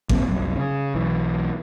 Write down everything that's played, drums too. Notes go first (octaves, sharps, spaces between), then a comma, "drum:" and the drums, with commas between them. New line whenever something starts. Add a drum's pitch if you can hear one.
F#2 A#2 D3 C4, drum: kick G#1
C2 F#2
C#3
B1 E3